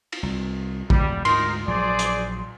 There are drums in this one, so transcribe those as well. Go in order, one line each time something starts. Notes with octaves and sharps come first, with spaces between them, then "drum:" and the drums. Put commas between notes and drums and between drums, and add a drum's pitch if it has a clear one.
drum: cymbal
C2
E1 E2 G3 G#3, drum: kick A#1
D2 G#2 D#4 A#4 C6, drum: cymbal
A#1 F#3 G#4 C5 D5
drum: hi-hat